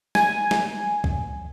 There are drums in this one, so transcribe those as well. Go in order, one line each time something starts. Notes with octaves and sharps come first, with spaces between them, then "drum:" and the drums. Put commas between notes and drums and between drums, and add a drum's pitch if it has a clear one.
G#5, drum: snare
drum: snare
drum: kick